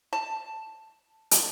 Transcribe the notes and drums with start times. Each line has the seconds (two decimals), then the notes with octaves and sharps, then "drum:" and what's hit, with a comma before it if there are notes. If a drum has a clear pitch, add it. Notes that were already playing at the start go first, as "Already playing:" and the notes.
0.13 A5
1.31 drum: hi-hat